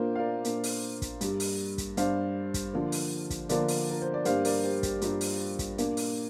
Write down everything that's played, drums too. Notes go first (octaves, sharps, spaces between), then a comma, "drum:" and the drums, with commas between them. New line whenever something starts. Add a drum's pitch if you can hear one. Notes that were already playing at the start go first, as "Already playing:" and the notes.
Already playing: A#2 A#3 D4 F4 A#4 C5
F5
A#4 D5
A#2 A#3 D4, drum: hi-hat
drum: open hi-hat
drum: kick, hi-hat
G2 G3 D4, drum: hi-hat
drum: open hi-hat
drum: kick, hi-hat
G2 G3 D4 C5 F5, drum: hi-hat
drum: kick, hi-hat
D3 F3 A#3 D4
drum: open hi-hat
drum: kick, hi-hat
D3 F3 A#3 D4 A#4 D5, drum: hi-hat
drum: open hi-hat
A#4
C5
D5
G2 G3 A#3 D4 C5 F5, drum: hi-hat
A#4 D5, drum: open hi-hat
G4 C5
G4, drum: kick, hi-hat
G2 G3 A#3 D4 F4 A#4, drum: hi-hat
drum: open hi-hat
drum: kick, hi-hat
A#2 A#3 D4, drum: hi-hat
drum: open hi-hat